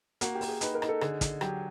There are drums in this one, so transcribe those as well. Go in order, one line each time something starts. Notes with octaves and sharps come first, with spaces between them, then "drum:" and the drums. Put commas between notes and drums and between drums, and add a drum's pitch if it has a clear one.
A#3 F#4, drum: hi-hat
G4
A#3, drum: open hi-hat
G#4
D#4 B4, drum: hi-hat
A#4
D#4, drum: rim click
A4
D3 G#4, drum: rim click
D3, drum: kick, hi-hat
F#3 G4, drum: rim click